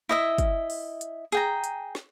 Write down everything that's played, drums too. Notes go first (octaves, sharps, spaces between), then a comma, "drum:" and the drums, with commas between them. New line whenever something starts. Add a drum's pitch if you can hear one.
E4 D#5 E5
drum: kick, hi-hat
drum: open hi-hat
drum: hi-hat
G#4 G5 A#5, drum: hi-hat
drum: hi-hat
drum: snare